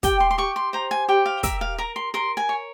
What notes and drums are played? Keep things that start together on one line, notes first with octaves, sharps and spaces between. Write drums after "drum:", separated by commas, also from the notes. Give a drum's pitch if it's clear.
G4 G5, drum: kick, hi-hat
C6
C6
G4 C#6
C6
C5 A#5
G#5
G4 G5
F5
A#4 E5, drum: kick, hi-hat
F5
A#4 A#5
C6
A#4 C6
G#5
C#5